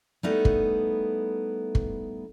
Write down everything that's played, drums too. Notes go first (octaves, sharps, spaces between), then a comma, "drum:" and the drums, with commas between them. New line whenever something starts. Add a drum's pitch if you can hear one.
G3 A3 B3 D#4 E4 A4
drum: kick
drum: kick